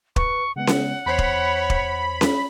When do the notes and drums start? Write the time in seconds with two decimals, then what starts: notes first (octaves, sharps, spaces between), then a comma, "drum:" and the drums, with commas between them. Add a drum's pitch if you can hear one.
0.16 B4 C#6, drum: kick
0.56 C#3 G#3 B3 F#5
0.67 drum: snare C#4
1.06 E2 C5 C#5 B5 C7
1.19 drum: kick
1.70 drum: kick
2.21 drum: snare C#4